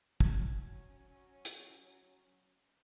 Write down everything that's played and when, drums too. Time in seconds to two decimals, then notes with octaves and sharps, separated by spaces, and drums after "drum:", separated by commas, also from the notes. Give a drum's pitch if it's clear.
0.20 F#3 C#4 G#6, drum: kick
1.45 drum: hi-hat